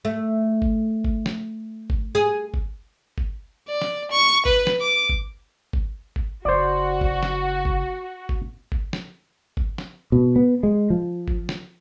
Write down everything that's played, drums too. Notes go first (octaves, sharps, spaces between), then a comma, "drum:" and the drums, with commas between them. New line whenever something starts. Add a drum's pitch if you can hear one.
A3
drum: kick G1
drum: kick G1
drum: snare
drum: kick G1
G#4
drum: kick G1
drum: kick G1
D5
drum: snare
C#6
B4, drum: kick G1
drum: snare
D6
drum: kick G1
drum: kick G1
drum: kick G1
F#1 F#4 C5 D5
drum: kick G1
drum: snare
drum: kick G1
drum: kick G1
drum: kick G1
drum: snare
drum: kick G1
drum: snare
B2
B3
G#3
F3
drum: kick G1
drum: snare